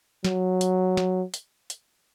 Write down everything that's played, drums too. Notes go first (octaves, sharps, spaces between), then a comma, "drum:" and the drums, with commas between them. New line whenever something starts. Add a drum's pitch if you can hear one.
F#3, drum: snare
drum: hi-hat
drum: snare
drum: hi-hat
drum: hi-hat